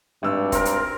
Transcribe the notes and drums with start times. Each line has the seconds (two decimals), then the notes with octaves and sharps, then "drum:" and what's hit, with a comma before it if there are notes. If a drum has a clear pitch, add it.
0.23 G#1 G2 E6
0.52 C4 A#4, drum: kick E1, hi-hat
0.65 drum: hi-hat